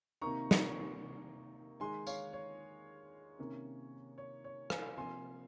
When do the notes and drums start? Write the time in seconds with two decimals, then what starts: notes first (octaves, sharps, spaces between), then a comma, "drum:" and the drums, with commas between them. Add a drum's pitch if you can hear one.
0.22 C3 D#3 A#3 D#4 A#5 C#6
0.51 drum: snare
1.80 D#3 G#3 D#4 G#5 C6
2.07 C#5 F5, drum: tambourine
2.33 C#5
3.39 C3 D#3 A#3 C#4
4.18 C#5
4.44 C#5
4.70 F5 G#5, drum: rim click
4.97 C3 F3 A#3 G#5 C6